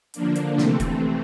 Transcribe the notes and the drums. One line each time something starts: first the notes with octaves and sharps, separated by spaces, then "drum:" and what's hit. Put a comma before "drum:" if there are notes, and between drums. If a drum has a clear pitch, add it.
D3 F3 A#3 D4, drum: hi-hat
drum: hi-hat
C3 E3 A3 C4, drum: snare
drum: kick E1, hi-hat